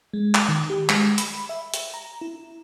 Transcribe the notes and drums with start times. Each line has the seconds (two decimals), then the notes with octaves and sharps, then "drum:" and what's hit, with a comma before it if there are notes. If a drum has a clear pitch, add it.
0.13 G#3
0.35 drum: clap
0.49 D#3
0.70 G4
0.89 G#3, drum: clap
1.18 B5, drum: hi-hat
1.49 E5
1.74 drum: hi-hat
1.94 A#5
2.21 E4